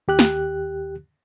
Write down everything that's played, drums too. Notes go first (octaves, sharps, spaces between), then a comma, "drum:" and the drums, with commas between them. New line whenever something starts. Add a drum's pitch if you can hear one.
D#2 G4 F#6
drum: snare